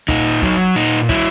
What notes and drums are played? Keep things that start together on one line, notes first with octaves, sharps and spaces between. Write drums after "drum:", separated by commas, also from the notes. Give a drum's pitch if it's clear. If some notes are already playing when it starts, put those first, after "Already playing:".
A#2 D#4, drum: kick
F#3, drum: kick
A#2 D#4
F#3 E4, drum: kick